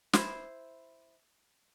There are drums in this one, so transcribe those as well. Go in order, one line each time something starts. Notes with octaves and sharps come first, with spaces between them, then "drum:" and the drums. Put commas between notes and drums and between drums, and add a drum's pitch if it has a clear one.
E4 C5, drum: snare